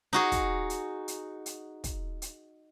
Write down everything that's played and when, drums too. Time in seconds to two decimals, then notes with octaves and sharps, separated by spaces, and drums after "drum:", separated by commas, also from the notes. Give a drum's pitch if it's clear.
0.13 D#4 F#4 G#4
0.32 drum: kick, hi-hat
0.70 drum: hi-hat
1.08 drum: hi-hat
1.46 drum: hi-hat
1.84 drum: kick, hi-hat
2.22 drum: hi-hat